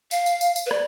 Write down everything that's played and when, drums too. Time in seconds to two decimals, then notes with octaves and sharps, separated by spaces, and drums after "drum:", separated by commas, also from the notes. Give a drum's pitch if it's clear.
0.11 F5, drum: tambourine
0.26 drum: tambourine
0.41 drum: tambourine
0.56 drum: tambourine
0.66 B4
0.71 D5, drum: rim click